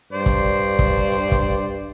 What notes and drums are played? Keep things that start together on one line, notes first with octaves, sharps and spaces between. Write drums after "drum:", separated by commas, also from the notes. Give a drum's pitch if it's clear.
G2 C5 D5
drum: kick
drum: kick
drum: kick